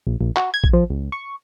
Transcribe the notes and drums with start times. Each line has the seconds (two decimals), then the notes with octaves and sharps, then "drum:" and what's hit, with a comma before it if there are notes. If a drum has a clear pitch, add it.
0.07 A#1
0.21 A#1
0.37 F#4, drum: clap
0.54 G#6
0.64 drum: kick A1
0.73 F3
0.90 C#2
1.12 C#6